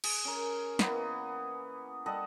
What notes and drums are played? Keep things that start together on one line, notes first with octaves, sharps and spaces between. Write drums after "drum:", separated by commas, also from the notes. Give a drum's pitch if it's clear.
G#4, drum: cymbal
C#4 A#4
E3 A#3 B3 D#5, drum: snare
G3 A4 D#5 F#5